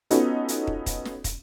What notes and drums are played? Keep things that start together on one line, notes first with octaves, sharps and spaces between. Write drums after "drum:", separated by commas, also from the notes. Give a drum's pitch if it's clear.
B3 C#4 D#4 F4 F#4 A4, drum: hi-hat
drum: hi-hat
drum: kick
drum: kick, hi-hat
drum: snare
drum: kick, hi-hat